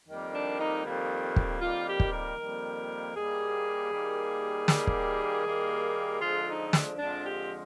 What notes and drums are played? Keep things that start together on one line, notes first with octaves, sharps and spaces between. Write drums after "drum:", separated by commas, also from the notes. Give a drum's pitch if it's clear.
F2 D#3 G3 A#3
D4
D#4
F2 D#3 G3 A#3
drum: kick
F2 D#3 G3 A#3 F4
G4
drum: kick
A#4
F2 D#3 G3 A#3
D#2 D#3 G3 A#3 G#4
D#2 D#3 G3 A#3
D#2 D#3 G3 A#3, drum: snare
drum: kick
D#2 D#3 G3 A#3
F2 D3 F3 G#3 F4
D#4
D4, drum: snare
F2 D3 F3 G#3 D4
G4